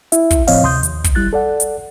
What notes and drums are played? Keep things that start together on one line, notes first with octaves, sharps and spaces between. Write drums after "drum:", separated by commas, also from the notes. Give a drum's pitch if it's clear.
E4 E5, drum: hi-hat
drum: kick, hi-hat
A2 F3 C4 C#5 D#5 F5, drum: open hi-hat
D2 C3 C6 D#6 G6
D#2, drum: hi-hat
drum: kick, hi-hat
G3 E4 F#6 A6
A4 D5 F#5
drum: hi-hat